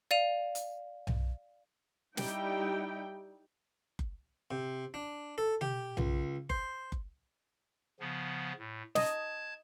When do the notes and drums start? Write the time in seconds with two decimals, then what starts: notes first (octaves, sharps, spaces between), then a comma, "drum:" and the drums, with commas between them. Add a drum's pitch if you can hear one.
0.11 D5 F5 D#7 F7
0.55 drum: hi-hat
1.07 drum: tom B1
2.17 G3 D#4 E4 G5, drum: snare
3.99 drum: kick F#1
4.51 C3
4.94 D4
5.38 A4
5.61 G4, drum: tom B2
5.97 C#2, drum: tom B1
6.50 C5, drum: kick F#1
6.92 drum: kick F#1
8.00 C#3 F3 B3
8.59 A2
8.95 D#5 A5 G#6, drum: snare